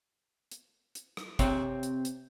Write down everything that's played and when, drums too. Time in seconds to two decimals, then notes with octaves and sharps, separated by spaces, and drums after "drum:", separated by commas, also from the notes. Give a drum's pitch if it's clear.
0.51 drum: hi-hat
0.95 drum: hi-hat
1.17 drum: rim click
1.39 C3 C4 C#5, drum: kick, hi-hat
1.83 drum: hi-hat
2.05 drum: hi-hat